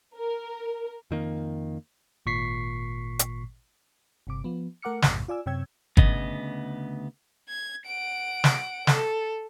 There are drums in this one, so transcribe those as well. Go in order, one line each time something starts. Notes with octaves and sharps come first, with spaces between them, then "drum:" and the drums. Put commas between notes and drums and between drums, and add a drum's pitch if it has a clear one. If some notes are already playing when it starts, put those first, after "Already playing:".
A#4
F2 D#3 A#3
G#1 A#2 C#6 B6 C7
drum: hi-hat
G1 C3 D6
F3 B3
A3 A#4 F#5 D6 F6 C#7
A1 F2 G#2 C3, drum: snare
F4 D5 G#5 E6
F#2 C3 C#5 G5 E6 G#6
D2 C#3 B3 D#5, drum: kick
G#6
F#5 D7
drum: snare
A4, drum: snare